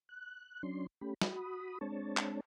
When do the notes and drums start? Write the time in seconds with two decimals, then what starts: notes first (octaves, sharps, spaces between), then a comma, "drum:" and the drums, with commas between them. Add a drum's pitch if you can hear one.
0.09 F#6
0.63 F#3 C#4 D4 C6
1.01 A3 C#4 G4 B5
1.22 F#4 B5 D#6, drum: snare
1.81 G#3 C4 D4 C#5 A5
2.17 drum: clap